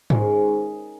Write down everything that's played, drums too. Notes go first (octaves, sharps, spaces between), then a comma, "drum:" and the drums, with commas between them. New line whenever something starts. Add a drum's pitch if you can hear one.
G#2 D#3 G#3 C#4, drum: tom G#2